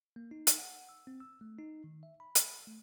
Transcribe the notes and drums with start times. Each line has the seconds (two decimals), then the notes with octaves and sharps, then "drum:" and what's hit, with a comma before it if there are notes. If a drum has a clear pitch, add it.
0.16 A#3
0.31 D#4
0.47 drum: hi-hat
0.58 F#5
0.89 E6
1.07 C4
1.20 E6
1.41 A3
1.58 D#4
1.84 D#3
2.03 E5
2.20 B5
2.35 drum: hi-hat
2.67 A3